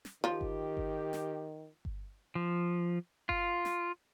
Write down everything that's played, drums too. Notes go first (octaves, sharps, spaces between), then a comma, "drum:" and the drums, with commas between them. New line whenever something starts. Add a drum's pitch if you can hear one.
drum: snare
D#3 F3 F4 G4
drum: kick G1
drum: kick G1
drum: snare
drum: kick G1
F3
F4, drum: kick G1
drum: snare